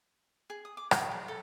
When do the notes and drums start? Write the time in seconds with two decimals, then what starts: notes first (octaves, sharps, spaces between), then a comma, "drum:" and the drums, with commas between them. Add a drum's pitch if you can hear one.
0.50 G#4
0.65 D#6
0.77 D6
0.91 F#4, drum: rim click
1.11 G#4
1.28 A4